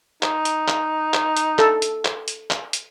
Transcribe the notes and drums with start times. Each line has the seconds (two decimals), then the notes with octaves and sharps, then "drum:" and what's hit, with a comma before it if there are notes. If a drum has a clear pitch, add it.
0.23 D#4, drum: clap
0.45 drum: hi-hat
0.68 drum: clap
1.14 drum: clap
1.37 drum: hi-hat
1.59 A4, drum: clap
1.82 drum: hi-hat
2.05 drum: clap
2.28 drum: hi-hat
2.51 drum: clap
2.73 drum: hi-hat